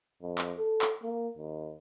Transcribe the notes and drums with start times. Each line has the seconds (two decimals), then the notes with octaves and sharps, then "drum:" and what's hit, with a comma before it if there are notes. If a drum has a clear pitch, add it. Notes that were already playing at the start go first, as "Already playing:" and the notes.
0.22 F2
0.38 drum: clap
0.57 A4
0.82 drum: clap
1.03 A#3
1.38 D#2